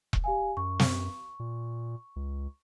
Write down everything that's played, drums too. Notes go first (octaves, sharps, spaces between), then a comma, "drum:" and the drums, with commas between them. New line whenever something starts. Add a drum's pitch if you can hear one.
drum: kick E1
G4 F5 G#5
F#2 C#6
drum: snare
A#2
C#2